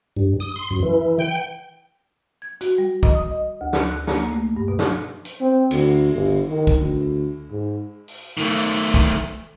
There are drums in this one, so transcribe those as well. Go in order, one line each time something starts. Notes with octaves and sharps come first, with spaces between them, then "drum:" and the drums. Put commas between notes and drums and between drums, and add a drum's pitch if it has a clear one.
G2
D#6
C6
F#2
E3
G5
G#6
F#4, drum: hi-hat
G3
D#5, drum: kick
D#6
D#5
D2
drum: snare
F#6
A#3, drum: snare
A3
G2
B2
drum: snare
drum: hi-hat
C4
D2, drum: cymbal
G1
D#3
drum: kick
D2
G#2
drum: open hi-hat
D#3 A3
drum: kick